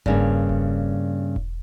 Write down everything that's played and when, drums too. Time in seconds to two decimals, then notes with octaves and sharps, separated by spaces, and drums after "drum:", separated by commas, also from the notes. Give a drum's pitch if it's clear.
0.06 G2 C#3 A#3, drum: kick E1
0.49 drum: kick E1
1.36 drum: kick E1